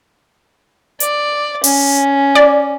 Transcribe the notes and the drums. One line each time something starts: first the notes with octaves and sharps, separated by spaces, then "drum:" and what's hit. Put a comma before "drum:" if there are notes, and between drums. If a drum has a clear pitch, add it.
D5, drum: hi-hat
C#4, drum: open hi-hat
D5